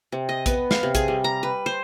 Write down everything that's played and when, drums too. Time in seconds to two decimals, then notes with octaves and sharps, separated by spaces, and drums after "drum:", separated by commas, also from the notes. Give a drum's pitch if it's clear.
0.12 C3
0.29 D#5
0.46 B3, drum: kick A#1, hi-hat
0.71 F5, drum: snare
0.83 C3
0.95 G#4, drum: kick A#1, hi-hat
1.08 G3
1.24 A#5
1.43 B4
1.66 C5